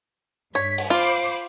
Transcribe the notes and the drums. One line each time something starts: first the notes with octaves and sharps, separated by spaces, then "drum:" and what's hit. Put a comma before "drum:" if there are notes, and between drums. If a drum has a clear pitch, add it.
G2 C#5 B6
drum: open hi-hat
F4 C5 B5 D6